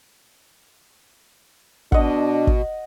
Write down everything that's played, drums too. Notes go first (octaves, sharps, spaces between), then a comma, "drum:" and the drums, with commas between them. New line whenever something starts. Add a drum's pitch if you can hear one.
B2 D4 D#5 F#5, drum: kick
drum: kick